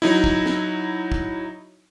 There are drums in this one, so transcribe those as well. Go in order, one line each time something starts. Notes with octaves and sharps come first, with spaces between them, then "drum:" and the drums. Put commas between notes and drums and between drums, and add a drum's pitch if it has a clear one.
F#3 D#4 E4
drum: kick
drum: snare
drum: kick